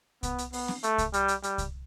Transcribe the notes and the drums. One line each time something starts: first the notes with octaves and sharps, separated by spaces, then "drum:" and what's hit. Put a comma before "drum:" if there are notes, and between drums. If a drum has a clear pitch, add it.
B3, drum: kick C2, hi-hat
drum: hi-hat
B3, drum: open hi-hat
drum: snare C4
A3, drum: hi-hat
drum: kick C2, hi-hat
G3, drum: hi-hat
drum: hi-hat
G3, drum: hi-hat
drum: kick C2, hi-hat